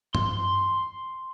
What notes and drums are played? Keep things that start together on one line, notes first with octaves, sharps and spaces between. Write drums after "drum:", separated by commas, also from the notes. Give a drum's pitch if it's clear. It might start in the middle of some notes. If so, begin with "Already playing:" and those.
C6, drum: tom G2